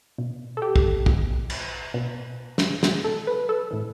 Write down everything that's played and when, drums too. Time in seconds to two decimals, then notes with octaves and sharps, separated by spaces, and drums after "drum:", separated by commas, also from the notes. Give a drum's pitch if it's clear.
0.18 B2
0.57 A4
0.62 G4
0.76 drum: kick
1.06 B2, drum: kick
1.50 drum: cymbal
1.94 B2
2.58 drum: snare
2.83 B2, drum: snare
3.04 A4
3.27 B4
3.49 A4
3.71 A2 E3